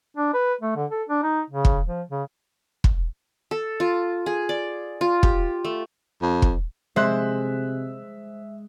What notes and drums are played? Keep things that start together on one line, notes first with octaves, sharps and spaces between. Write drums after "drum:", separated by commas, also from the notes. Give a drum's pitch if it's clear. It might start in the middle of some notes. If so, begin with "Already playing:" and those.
D4
B4
A3
D3
A4
D4
D#4
C#3
drum: kick
F3
C#3
drum: kick
A4
F4
G#4
D5
F4
G4, drum: kick
A3
F2
drum: kick
C3 G#3 C5 E5 F#6